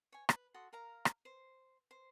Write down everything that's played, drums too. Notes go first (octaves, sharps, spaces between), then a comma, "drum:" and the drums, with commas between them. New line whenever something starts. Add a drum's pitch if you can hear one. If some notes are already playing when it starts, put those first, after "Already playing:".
C#5 G#5
B4, drum: rim click
F#4 A4 C6 D#6
A#4 F5 A#5
drum: rim click
C5
C5